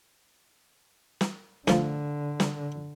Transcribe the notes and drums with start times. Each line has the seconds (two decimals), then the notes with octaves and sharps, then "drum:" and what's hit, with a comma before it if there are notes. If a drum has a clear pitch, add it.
1.21 drum: snare
1.68 D2 D3 F3, drum: snare
2.40 drum: snare